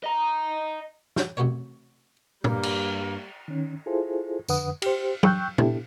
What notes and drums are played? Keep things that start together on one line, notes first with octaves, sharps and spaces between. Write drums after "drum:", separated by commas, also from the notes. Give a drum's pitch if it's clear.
D#5 A#5
drum: snare
A1 C3 A3 F#4 A#4 C#5
G2 G3 A#3, drum: tom
drum: cymbal
D#3 C#4
E4 F4 G#4 A4 C5
F2 D3 B4 F#5 D#6, drum: tambourine
G4 C5, drum: cymbal
G5 C#6 E6 F#6 G6, drum: tom
B3 D4 E4 G4 A4, drum: tom